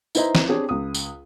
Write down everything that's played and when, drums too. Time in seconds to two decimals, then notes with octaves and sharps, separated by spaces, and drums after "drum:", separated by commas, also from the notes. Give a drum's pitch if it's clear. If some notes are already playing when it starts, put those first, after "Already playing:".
0.15 D#4 E4 B4 C5 D#5 A#5, drum: tambourine
0.35 drum: snare
0.48 C4 D4 G4 G#4 C#5
0.69 C#2 D#6
0.95 drum: tambourine